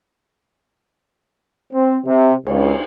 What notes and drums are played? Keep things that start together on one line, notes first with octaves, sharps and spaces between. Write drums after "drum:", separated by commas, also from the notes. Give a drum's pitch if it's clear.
C4
C3
C#2, drum: cymbal